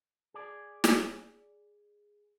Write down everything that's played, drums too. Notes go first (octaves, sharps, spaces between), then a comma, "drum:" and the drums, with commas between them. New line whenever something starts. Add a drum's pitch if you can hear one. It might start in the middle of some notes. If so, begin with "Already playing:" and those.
G#4 D5
drum: snare